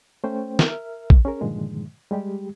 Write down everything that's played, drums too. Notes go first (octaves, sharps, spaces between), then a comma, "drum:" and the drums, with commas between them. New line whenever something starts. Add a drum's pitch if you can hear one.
A3 C#4 C5 G5
A#4 E5 F6, drum: snare
drum: kick
C#4 G#4 A#4
G2 A#2 D3 D#3 F3 G#3
G3 G#3 G4